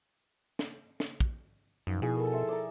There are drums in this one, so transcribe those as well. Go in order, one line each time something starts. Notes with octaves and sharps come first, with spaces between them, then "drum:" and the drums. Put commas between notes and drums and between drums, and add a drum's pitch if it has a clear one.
drum: snare
drum: snare
drum: kick
F#2 B2 F3 D#4
B2 E4 G#4 G#5
A4 A#4
E5 C6
D5 A#5